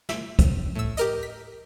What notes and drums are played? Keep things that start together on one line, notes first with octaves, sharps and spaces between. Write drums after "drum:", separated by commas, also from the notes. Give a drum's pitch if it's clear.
E5, drum: snare
drum: kick, hi-hat
A2 E6
G4 A#4 D#5, drum: hi-hat
B6